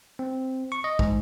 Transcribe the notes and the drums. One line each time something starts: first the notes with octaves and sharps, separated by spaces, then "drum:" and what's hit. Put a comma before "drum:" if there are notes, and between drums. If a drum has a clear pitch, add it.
C4
C#6
D#5
G#2, drum: kick